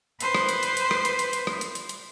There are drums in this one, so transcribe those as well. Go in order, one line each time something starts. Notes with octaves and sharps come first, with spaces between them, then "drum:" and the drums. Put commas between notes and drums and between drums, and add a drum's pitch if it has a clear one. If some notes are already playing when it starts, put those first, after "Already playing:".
B4 C5, drum: hi-hat
drum: rim click
drum: hi-hat
drum: hi-hat
drum: hi-hat
drum: rim click
drum: hi-hat
drum: hi-hat
drum: hi-hat
drum: rim click
drum: hi-hat
drum: hi-hat
drum: hi-hat